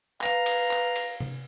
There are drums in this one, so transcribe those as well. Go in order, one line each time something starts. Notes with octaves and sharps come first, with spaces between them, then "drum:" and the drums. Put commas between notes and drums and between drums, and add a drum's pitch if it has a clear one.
B4 F5 A#5, drum: clap
drum: cymbal
drum: clap
drum: cymbal
drum: tom C3